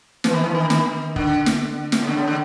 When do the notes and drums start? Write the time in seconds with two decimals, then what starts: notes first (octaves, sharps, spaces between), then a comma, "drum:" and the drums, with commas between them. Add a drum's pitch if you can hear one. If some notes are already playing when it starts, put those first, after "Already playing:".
0.24 E3, drum: snare
0.33 D#3
0.44 E3
0.55 D#3
0.70 D#3, drum: snare
0.85 D#3
1.16 D3, drum: kick
1.46 drum: snare
1.92 drum: snare
2.02 C#3
2.07 D3
2.17 C#3
2.28 D3